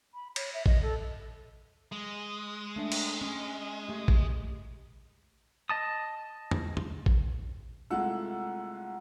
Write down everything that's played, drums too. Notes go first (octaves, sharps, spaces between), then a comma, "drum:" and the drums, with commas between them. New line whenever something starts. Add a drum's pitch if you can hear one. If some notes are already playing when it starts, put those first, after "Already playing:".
B5
C#5, drum: cymbal
E5
D#5, drum: kick A1
A4
G#3
A3 D4 E5
drum: cymbal
C#4
A3 G4
drum: kick A1
D#5 A5 D#6
drum: tom E2
drum: tom E2
drum: kick A1
C2 G#3 A3 F4 F#5 E6